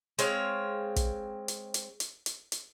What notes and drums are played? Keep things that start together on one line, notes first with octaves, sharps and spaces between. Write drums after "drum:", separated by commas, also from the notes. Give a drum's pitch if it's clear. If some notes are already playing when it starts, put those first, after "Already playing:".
G#3 C4 C#5 F5, drum: hi-hat
drum: kick, hi-hat
drum: hi-hat
drum: hi-hat
drum: hi-hat
drum: hi-hat
drum: hi-hat